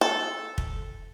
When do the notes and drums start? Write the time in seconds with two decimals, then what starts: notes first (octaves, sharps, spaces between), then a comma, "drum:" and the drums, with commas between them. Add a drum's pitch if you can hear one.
0.01 A4
0.58 drum: kick